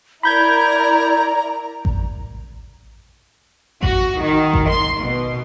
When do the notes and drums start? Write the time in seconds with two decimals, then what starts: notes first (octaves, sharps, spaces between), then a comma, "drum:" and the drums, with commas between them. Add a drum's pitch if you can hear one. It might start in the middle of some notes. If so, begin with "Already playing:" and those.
0.23 E4 A#4 D5 A#5 B5 G6 G#6
1.85 drum: kick A1
3.83 F#4, drum: kick A1
4.21 D#3
4.54 drum: kick A1
4.69 C6
5.01 B2